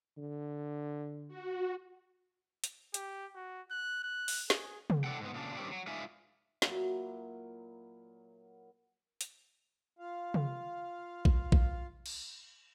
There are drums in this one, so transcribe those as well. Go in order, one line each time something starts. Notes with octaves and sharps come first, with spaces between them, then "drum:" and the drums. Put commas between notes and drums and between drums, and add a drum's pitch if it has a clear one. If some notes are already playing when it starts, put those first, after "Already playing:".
D3
F#4
drum: hi-hat
G4, drum: hi-hat
F#4
F#6
F#6
drum: open hi-hat
G#4, drum: snare
drum: tom
A2 D4 F4 A4 F#5 G5
G#2 B3
A#2 C#3 D4
G2 D#3 C4 C#4 G4 D5
F#3
G#3 D#4 F4 D5 E5 G#5
A#2 F#3 E4, drum: snare
drum: hi-hat
F4 F5
drum: tom
drum: kick A#1
drum: kick A#1
drum: cymbal